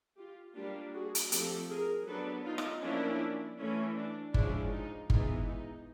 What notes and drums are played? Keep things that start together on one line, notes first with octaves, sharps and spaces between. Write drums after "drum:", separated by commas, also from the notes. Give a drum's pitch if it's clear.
F4 G4
G3 A#3 D4 F4 G4
F#4 G#4
drum: hi-hat
F3 A3 C4 G4 A4, drum: hi-hat
G#4 A#4
F#3 B3 D4 A4 B4
D#4 F4
drum: rim click
F3 A#3 C#4 D4 E4
E3 A3 C#4
D4
F3 G#3 C#4 D4 E4, drum: kick G1
D#4 F4
E3 G#3 B3 D#4 F4, drum: kick G1
D#4